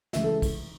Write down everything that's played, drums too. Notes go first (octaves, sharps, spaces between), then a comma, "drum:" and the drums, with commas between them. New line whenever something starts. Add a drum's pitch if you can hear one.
C#3 E3 G#3 E5, drum: snare
A4
drum: kick, cymbal